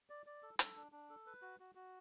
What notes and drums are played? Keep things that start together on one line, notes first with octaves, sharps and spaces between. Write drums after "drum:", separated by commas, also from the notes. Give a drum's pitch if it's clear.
D5
D5
A4
A4, drum: hi-hat
D4
D4
A4
B4
F#4
F#4
F#4